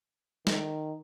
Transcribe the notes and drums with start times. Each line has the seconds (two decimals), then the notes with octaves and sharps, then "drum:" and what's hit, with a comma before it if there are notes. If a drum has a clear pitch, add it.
0.47 D#3, drum: snare